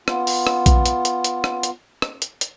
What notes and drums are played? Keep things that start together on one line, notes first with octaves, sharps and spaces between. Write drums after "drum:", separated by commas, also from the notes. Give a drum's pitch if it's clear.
B3 F4, drum: rim click
drum: open hi-hat
drum: rim click
drum: kick A#1, hi-hat
drum: hi-hat
drum: hi-hat
drum: hi-hat
drum: rim click
drum: hi-hat
drum: rim click
drum: hi-hat
drum: hi-hat